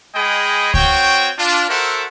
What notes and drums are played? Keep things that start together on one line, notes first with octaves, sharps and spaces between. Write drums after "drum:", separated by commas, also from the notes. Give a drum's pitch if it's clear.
G#3 G#4 D#5 G5 B5 D#6
C4 F#4 C#5 G5, drum: kick C#2
D4 F4
F#4 A4 A#4 C5 E5 F#5